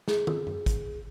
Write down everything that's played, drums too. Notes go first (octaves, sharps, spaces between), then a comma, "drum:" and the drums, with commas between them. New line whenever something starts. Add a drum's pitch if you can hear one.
G#4, drum: snare
drum: tom
drum: tom F#2
drum: kick, hi-hat